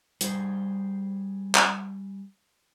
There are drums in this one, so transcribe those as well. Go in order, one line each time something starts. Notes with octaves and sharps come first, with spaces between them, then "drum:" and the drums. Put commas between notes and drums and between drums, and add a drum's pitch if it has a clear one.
G3 G#4 C5, drum: hi-hat
drum: clap